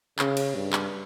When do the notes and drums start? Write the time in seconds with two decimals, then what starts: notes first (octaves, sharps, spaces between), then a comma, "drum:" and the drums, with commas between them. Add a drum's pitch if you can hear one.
0.19 C#3, drum: clap
0.37 drum: cymbal
0.55 G2
0.73 drum: clap